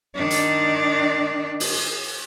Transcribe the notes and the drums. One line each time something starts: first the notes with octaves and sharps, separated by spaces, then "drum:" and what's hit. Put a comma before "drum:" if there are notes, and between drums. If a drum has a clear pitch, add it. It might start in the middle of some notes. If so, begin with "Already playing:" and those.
D#3 D4
drum: hi-hat
drum: open hi-hat